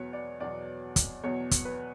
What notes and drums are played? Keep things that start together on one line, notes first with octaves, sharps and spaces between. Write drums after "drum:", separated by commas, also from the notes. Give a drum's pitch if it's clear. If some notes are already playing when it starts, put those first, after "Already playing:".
Already playing: E2 B2 F#3 B4 C#5
D5
E2 B2 F#3 D5
drum: kick, hi-hat
E2 B2 F#3 C#5
drum: kick, hi-hat
B4